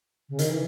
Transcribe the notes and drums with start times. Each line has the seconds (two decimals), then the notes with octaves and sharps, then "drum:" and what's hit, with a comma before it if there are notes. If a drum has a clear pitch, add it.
0.29 C#3
0.39 D#3, drum: hi-hat
0.48 E3